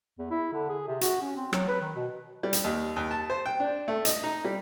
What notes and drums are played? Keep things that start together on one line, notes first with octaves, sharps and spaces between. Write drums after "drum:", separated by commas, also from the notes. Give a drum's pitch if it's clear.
E2
E4
D3
G#4
C3
F#4, drum: hi-hat
C#4
C4
F#3, drum: rim click
B4
D#3
B2
G3
drum: hi-hat
D#2
D#2
A5
C5
G5
D4
A3
D#5, drum: hi-hat
D#4
G3